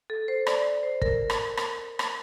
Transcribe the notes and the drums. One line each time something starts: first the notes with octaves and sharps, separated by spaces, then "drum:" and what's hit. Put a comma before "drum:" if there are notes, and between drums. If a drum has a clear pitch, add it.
A4
C5
D5, drum: rim click
C5
A#4, drum: kick
drum: rim click
drum: rim click
drum: rim click